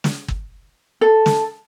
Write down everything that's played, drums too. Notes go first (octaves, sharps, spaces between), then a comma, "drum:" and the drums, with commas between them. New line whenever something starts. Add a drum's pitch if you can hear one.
drum: snare
drum: kick G1
A4
drum: snare